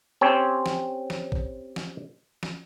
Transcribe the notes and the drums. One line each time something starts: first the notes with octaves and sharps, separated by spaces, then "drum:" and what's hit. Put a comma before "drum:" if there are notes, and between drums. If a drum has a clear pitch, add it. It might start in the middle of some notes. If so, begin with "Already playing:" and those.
C4 C#4 G4 C5 C#5
drum: snare
drum: snare
drum: kick A1
drum: snare
drum: snare